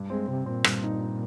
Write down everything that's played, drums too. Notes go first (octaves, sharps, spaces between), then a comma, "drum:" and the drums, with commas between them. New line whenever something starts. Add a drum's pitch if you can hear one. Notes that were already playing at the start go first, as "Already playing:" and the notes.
Already playing: G2
G#3 C4
C3 C4
A#2 C4
G2, drum: rim click
D#4
D#4